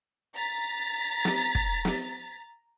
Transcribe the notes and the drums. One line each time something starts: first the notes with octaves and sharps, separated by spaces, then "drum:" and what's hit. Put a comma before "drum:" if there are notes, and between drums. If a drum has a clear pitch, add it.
A#5 A6 B6
drum: snare
drum: kick
drum: snare